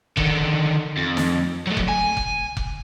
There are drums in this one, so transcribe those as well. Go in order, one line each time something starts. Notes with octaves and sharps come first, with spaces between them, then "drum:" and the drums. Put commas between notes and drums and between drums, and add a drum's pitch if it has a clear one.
D3 D#3, drum: kick F1
F2
drum: snare
F#3 A3
drum: kick F1
G#5
drum: kick F1
drum: kick F1